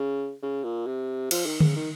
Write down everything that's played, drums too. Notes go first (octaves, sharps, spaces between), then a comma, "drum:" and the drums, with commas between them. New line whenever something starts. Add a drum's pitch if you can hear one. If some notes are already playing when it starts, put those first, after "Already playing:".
Already playing: C#3
C#3
A#2
C3
F3, drum: cymbal
D#3
C#3, drum: tom D3
D#3